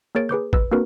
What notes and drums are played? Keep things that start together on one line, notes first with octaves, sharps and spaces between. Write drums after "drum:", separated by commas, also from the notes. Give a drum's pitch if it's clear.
A#3 G#4 A#4 C#5 A6 D7
G#4 B4 D6 G6
B4 E6, drum: kick G#1
A#3 C4 D4 F#4 A#4 B4